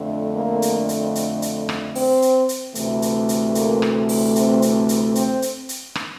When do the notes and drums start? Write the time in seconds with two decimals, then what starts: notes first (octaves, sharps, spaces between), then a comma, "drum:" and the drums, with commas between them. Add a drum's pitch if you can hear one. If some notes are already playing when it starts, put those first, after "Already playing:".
Already playing: F2 D3 A3
0.35 A#3
0.62 drum: hi-hat
0.89 drum: hi-hat
1.15 drum: hi-hat
1.42 drum: hi-hat
1.69 drum: rim click
1.95 C4, drum: open hi-hat
2.22 drum: hi-hat
2.49 drum: hi-hat
2.75 D2 C3 E3 A3, drum: hi-hat
3.02 drum: hi-hat
3.29 drum: hi-hat
3.55 A#3, drum: hi-hat
3.82 drum: rim click
4.09 drum: open hi-hat
4.36 C4, drum: hi-hat
4.62 drum: hi-hat
4.89 drum: hi-hat
5.15 C4, drum: hi-hat
5.42 drum: hi-hat
5.69 drum: hi-hat
5.95 drum: rim click